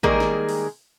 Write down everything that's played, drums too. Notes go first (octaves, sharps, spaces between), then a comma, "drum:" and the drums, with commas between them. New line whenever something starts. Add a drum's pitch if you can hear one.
D#3 G3 G#3 A#3 G#4 A#4, drum: kick
drum: snare
drum: open hi-hat